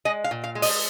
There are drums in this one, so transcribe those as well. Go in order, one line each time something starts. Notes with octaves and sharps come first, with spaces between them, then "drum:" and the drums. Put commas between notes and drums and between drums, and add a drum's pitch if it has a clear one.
G#3 D#5
F5
A#2
F5
G#3
D#5, drum: open hi-hat